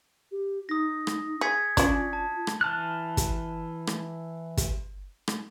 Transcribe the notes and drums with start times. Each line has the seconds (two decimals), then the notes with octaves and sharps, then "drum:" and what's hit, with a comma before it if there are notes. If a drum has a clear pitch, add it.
0.31 G4
0.69 D#4 D#6 A#6
1.07 drum: rim click
1.41 G#4 G#6 B6 C#7
1.77 C#4 D4 F4, drum: kick, hi-hat
2.13 A5
2.47 drum: rim click
2.61 E3 A5 F6 F#6
3.17 drum: kick, hi-hat
3.87 drum: rim click
4.57 drum: kick, hi-hat
5.28 drum: rim click